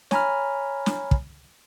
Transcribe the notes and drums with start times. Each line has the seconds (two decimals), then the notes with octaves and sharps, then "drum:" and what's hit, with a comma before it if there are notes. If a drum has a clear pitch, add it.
0.11 C#5 G#5 A#5 B5 F6, drum: snare
0.86 drum: snare
1.11 drum: kick